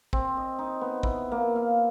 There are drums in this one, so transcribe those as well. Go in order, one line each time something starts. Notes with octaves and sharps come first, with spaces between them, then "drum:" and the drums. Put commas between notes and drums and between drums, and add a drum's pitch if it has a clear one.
C4, drum: kick
D#5
D#4
B3
E4, drum: kick
A#3
F5